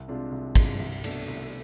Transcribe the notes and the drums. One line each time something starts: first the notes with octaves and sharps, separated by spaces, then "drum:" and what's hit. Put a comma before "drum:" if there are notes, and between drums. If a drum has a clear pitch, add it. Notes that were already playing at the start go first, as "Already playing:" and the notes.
Already playing: C2
C3 G#3 D4 F4
C2
C3 G#3 D4 F4, drum: kick, cymbal
C2
B2 A3 D4, drum: cymbal
C2